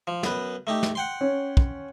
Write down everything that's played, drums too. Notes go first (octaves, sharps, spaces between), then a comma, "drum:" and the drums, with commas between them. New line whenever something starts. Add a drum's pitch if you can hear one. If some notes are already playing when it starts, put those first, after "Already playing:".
F3
F#2 B3 B4, drum: snare
A3 D#4 G4
drum: snare
F#5 G5 C6
C#4
drum: kick